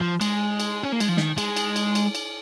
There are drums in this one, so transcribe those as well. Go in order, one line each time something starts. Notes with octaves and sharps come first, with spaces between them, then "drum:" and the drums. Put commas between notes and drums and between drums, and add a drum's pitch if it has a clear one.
F3
G#3, drum: cymbal
drum: cymbal
C#4
A#3
G#3, drum: cymbal
F3
D#3, drum: snare
G#3, drum: cymbal
drum: cymbal
drum: cymbal
drum: cymbal
drum: cymbal